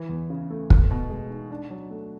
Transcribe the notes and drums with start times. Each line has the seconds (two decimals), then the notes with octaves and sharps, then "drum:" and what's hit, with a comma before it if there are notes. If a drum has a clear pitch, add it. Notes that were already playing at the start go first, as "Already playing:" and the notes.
Already playing: E3
0.09 E2
0.30 C#3
0.50 A3
0.70 B3, drum: kick
0.91 B2
1.10 G#3
1.30 D#4
1.51 D4
1.70 F#3
1.90 A3